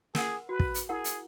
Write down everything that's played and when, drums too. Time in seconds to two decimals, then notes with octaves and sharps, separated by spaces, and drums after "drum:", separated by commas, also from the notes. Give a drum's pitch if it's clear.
0.15 G#4 A#4 F#5, drum: snare
0.49 F#4 B4
0.60 drum: kick
0.74 drum: hi-hat
0.89 E4 G#4 A#4 F#5
1.04 drum: hi-hat